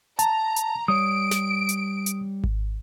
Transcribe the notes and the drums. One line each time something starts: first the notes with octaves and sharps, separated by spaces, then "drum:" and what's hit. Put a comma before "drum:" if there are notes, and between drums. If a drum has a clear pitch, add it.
A5 A#5, drum: hi-hat
drum: hi-hat
G3 C#5 D#6 D7
drum: snare
drum: hi-hat
drum: hi-hat
drum: kick G#1